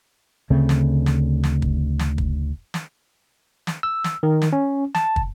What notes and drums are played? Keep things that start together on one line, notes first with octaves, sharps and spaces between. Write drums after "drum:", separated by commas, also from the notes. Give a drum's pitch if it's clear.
D2 C#3 A3 C4
drum: snare
drum: snare
drum: snare
drum: kick
drum: snare
drum: kick
drum: snare
drum: snare
E6
drum: snare
D#3
drum: snare
C#4
A5, drum: snare
drum: kick